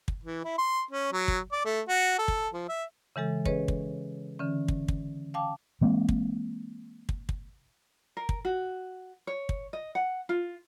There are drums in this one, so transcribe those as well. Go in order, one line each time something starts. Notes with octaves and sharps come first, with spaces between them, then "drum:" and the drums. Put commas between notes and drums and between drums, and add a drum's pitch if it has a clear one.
drum: kick
E3
E4
C6
C#4
F#3
drum: kick
D5
A3
F#4
A4
drum: kick
F3
E5
C#3 E3 G#3 A4
C#4 G#4 B4 C#5 D#5, drum: kick
drum: kick
D3 E3 C#4
drum: kick
drum: kick
F5 G5 A5 D6
E3 G#3 A#3 C4
drum: kick
drum: kick
drum: kick
A#4
drum: kick
F#4
C#5
drum: kick
D#5
F#5
F4